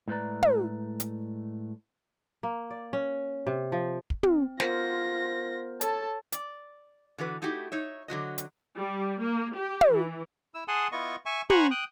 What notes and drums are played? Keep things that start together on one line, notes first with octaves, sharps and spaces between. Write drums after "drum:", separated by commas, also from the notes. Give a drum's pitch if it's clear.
A2 G#3 A3 B4 D5 A#5
drum: tom
drum: hi-hat
A#3
D5
C#4
C3
F3
drum: kick
C4, drum: tom
B3 F4 A#4 C5 A#6, drum: snare
A4 C#5 A5, drum: hi-hat
D5, drum: hi-hat
D3 E3 F#4 B4
A3 D#4 E4 F#4 G4
D#4 C#5 E5
D3 F#3 F#4 D#5
drum: hi-hat
G3
A#3
G4
drum: tom
E3
E4 E6
G#4 F#5 G#5 A5 C6 D#6
B3 E4 F4 D#5 C#6
E5 G#5 C#6
C5 F#5 G#5 A#5 B5 C#6, drum: tom
G5 D#6 F#6